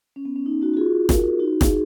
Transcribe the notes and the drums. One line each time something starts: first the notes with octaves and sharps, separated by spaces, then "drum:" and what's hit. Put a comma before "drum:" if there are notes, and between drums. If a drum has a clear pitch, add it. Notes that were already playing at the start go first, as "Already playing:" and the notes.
C#4
B3
C#4
D#4
D#4 F#4
F#4
F4 G#4
F#4 A#4, drum: snare
D#4 F#4
G#4, drum: snare